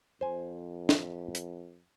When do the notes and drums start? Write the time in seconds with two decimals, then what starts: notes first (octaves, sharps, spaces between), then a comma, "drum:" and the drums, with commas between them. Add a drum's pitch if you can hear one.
0.21 F2 C5 G#5
0.89 drum: snare
1.35 drum: hi-hat